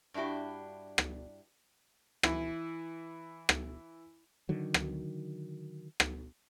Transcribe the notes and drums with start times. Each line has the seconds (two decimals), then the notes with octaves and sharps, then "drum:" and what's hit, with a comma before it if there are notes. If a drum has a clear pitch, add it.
0.14 G2 D4 E4 F#4 G4
0.98 drum: rim click
2.23 E3 E4, drum: rim click
3.49 drum: rim click
4.49 D3 D#3 F#3
4.74 drum: rim click
6.00 drum: rim click